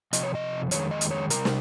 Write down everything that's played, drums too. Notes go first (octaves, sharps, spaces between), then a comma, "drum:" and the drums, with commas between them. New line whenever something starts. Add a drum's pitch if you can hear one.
C3 F3 D#5, drum: hi-hat
C#5
D#5
F2 D#3 G#3 C#5, drum: hi-hat
D#5
drum: hi-hat
C#5
C3 G3 A#4, drum: hi-hat
drum: snare